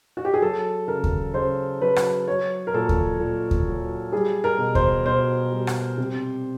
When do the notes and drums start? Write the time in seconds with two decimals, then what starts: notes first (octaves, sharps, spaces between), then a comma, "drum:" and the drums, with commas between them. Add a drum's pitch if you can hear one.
0.17 F#4
0.25 G4
0.34 G#4
0.42 F#3 A4
0.88 C#3 A#4
1.04 drum: kick D#2
1.34 C#3 C5
1.81 F#3 B4
1.96 drum: rim click
2.28 F#3 C#5
2.67 A#4
2.74 A#2 A4
2.89 drum: kick D#2
3.20 A#2
3.51 drum: kick D#2
3.66 F#3
4.12 G3 G#4
4.44 A#4
4.59 B2
4.75 C5, drum: kick D#2
5.06 B2 C5
5.52 G3
5.67 drum: rim click
5.98 C3